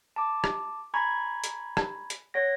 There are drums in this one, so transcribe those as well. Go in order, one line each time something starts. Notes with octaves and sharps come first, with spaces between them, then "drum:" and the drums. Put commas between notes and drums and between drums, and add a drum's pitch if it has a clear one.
A5 D6
drum: rim click
G#5 A#5 B5 C#6 G#6
drum: hi-hat
drum: rim click
drum: hi-hat
C#5 F#5 A#6